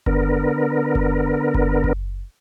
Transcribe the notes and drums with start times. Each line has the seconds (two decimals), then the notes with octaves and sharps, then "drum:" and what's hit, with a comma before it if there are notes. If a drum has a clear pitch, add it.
0.06 D3 B3 A#4, drum: kick F#1
0.95 drum: kick F#1
1.54 drum: kick F#1
1.84 drum: kick F#1